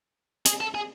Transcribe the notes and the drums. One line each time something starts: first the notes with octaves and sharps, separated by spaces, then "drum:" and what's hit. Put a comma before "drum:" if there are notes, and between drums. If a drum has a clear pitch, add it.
G#4, drum: hi-hat
A4
G#4